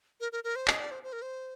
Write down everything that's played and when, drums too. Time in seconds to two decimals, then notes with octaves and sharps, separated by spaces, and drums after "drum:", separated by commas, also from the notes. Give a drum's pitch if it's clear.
0.20 A#4
0.32 A#4
0.44 A#4
0.56 C5
0.68 D#5, drum: clap
0.80 D5
0.91 C5
1.03 C5
1.13 A#4
1.22 C5